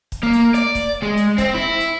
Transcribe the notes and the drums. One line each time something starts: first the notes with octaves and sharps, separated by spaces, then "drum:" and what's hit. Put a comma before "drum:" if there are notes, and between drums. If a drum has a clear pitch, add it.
drum: kick, hi-hat
A#3
drum: hi-hat
D5, drum: hi-hat
drum: kick, hi-hat
G#3
drum: hi-hat
C4, drum: kick, hi-hat
E4
drum: hi-hat